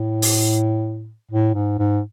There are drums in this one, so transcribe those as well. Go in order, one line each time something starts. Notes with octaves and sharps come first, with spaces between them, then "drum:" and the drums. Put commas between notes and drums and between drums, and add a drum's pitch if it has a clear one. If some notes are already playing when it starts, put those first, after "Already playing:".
Already playing: A2
drum: open hi-hat
A2
G#2
G#2